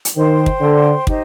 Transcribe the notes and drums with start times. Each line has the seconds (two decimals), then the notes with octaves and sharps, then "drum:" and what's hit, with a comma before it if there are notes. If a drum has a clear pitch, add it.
0.05 drum: hi-hat
0.16 D#3 C5 G5 C6
0.46 drum: kick
0.61 D3
1.07 D#4 G4 C5 D#5, drum: kick